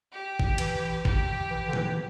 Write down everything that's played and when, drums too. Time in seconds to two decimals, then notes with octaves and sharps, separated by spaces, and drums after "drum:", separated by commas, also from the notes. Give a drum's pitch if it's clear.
0.12 G4
0.40 drum: kick G1
0.58 E3, drum: cymbal
1.05 G4, drum: kick G1
1.50 E3
1.68 D3
1.73 E3, drum: tom A#2